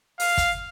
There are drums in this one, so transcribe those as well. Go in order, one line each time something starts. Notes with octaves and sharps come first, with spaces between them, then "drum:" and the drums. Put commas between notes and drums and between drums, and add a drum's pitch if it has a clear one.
F5, drum: open hi-hat
drum: kick, hi-hat